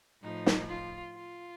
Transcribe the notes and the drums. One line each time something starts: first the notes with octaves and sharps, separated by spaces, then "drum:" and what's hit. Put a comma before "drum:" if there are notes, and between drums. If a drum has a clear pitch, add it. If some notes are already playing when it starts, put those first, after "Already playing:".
A2 F3 D#4
drum: snare
F4
F4